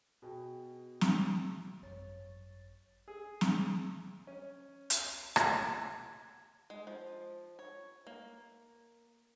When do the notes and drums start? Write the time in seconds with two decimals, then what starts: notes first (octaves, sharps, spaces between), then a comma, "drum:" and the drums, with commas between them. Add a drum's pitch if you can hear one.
0.22 B2 G#4 G5
1.01 drum: snare
1.82 G#1 F#2 C#5 A6
3.08 G#4
3.41 drum: snare
4.27 C#4
4.90 drum: hi-hat
5.36 G#6, drum: rim click
6.70 G#3
6.87 F3
7.59 C#5
8.07 A#3